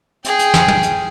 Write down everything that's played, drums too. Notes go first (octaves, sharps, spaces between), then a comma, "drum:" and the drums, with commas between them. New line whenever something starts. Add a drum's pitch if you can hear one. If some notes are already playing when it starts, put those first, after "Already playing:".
G#4 G5, drum: hi-hat
drum: hi-hat
drum: snare
drum: tom
drum: hi-hat